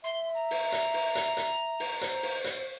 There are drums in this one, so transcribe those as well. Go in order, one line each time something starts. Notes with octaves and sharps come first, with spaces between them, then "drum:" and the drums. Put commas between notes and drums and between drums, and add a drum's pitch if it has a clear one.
E5 C6
A#5
drum: open hi-hat
drum: hi-hat
drum: open hi-hat
drum: hi-hat
drum: hi-hat
drum: open hi-hat
C5, drum: hi-hat
drum: open hi-hat
drum: hi-hat